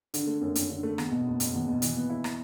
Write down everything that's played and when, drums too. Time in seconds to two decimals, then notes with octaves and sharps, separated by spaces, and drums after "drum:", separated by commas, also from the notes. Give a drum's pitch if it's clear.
0.14 D3, drum: hi-hat
0.27 A3
0.41 F#2
0.55 F#2, drum: hi-hat
0.70 D3
0.83 A3
0.98 E2, drum: rim click
1.11 B2
1.26 F#1
1.40 F#1, drum: hi-hat
1.54 E2
1.68 B2
1.82 E3, drum: hi-hat
1.97 B3
2.09 E4
2.24 drum: rim click